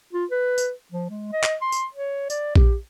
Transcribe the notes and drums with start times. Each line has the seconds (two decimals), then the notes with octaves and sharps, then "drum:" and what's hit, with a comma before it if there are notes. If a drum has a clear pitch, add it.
0.13 F4
0.31 B4
0.58 drum: tambourine
0.92 F3
1.10 G#3
1.32 D#5
1.44 drum: clap
1.61 C6
1.72 drum: tambourine
1.94 C#5
2.30 D5, drum: tambourine
2.56 G4, drum: kick A#1